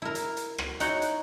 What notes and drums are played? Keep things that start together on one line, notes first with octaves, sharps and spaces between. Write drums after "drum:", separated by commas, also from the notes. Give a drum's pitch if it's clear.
E4 A#4
drum: hi-hat
drum: hi-hat
drum: rim click
D#4 E4 F#4 C#5 F#5 G5, drum: hi-hat
drum: hi-hat